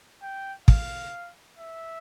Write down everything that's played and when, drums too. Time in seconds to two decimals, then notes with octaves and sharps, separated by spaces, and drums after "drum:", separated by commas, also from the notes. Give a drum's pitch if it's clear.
0.23 G5
0.68 F5, drum: kick
1.58 E5